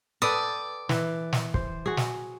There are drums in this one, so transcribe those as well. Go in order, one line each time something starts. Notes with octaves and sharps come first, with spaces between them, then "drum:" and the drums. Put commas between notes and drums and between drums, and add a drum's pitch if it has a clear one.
A4 B4 D5 G5 D#6
E3, drum: snare
drum: snare
C5, drum: kick
F#4 G#4
drum: snare